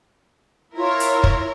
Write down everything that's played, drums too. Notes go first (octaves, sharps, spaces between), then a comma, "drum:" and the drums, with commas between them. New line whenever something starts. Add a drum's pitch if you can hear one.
E4 F4 A#4 C#5
drum: hi-hat
drum: kick